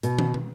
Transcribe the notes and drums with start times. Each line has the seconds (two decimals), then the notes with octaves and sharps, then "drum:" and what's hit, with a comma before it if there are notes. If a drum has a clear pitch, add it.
0.03 B2, drum: hi-hat
0.19 drum: tom
0.34 drum: tom